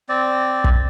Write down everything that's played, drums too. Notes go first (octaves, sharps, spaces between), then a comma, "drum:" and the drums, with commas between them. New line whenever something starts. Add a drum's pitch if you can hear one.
C4 D5
drum: kick